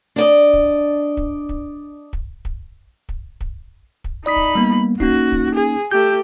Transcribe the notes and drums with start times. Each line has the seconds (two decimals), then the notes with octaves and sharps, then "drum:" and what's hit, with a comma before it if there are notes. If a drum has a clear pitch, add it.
0.16 D4 D5 D#5
0.53 drum: kick
1.17 drum: kick
1.49 drum: kick
2.13 drum: kick
2.45 drum: kick
3.09 drum: kick
3.41 drum: kick
4.04 drum: kick
4.26 D#4 D5 B5 D#6 B6
4.36 drum: kick
4.55 G3 A#3 B3
5.00 A#3 C#4 D#4 F#4, drum: kick
5.32 drum: kick
5.55 G#4
5.91 A3 G4 G6